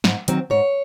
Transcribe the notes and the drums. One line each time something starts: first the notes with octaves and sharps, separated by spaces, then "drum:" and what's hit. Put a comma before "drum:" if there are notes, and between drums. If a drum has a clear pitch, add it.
G#2, drum: snare
D#3 F#3 C4, drum: hi-hat
G#2 C#5